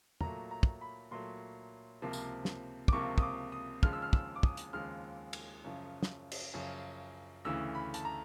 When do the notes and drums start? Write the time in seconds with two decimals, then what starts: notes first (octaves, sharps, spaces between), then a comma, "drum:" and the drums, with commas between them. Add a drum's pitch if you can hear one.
0.21 A#2 F#3 A3 A#5, drum: tom E2
0.51 A#5
0.63 drum: kick
0.81 B5
1.11 A#2 F#3 A3 C6
2.02 C#2 C3 F3 A#3
2.13 drum: tambourine
2.45 drum: snare
2.88 D6, drum: kick
2.92 C#2 C3 F3 A#3 C#6
3.18 D#6, drum: kick
3.22 D6
3.52 D#6
3.83 D#2 C#3 F3 G#3 F6, drum: kick
3.93 E6
4.02 F6
4.13 E6, drum: kick
4.36 D6
4.43 D#6, drum: kick
4.57 drum: hi-hat
4.73 D#2 C#3 F3 G#3 F6
5.33 drum: cymbal
5.64 F#2 C#3 F3
6.03 drum: snare
6.31 drum: cymbal
6.54 F#2 C#3 F3
7.45 D2 C#3 E3 E6
7.75 B5
7.94 A5, drum: hi-hat
8.05 A#5